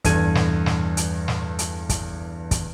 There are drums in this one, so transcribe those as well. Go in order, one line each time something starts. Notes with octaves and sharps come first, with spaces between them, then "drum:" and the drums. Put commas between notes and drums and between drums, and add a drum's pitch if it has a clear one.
E2 G2 A4 G#6 D#7, drum: kick, hi-hat
drum: snare
drum: snare
drum: hi-hat
drum: snare
drum: hi-hat
drum: kick, hi-hat
drum: kick, hi-hat